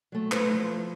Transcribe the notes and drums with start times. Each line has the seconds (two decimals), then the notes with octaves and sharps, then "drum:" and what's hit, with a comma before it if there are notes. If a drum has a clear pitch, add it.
0.12 F#3 A3
0.32 A3 E4 B4 C5, drum: clap
0.54 F3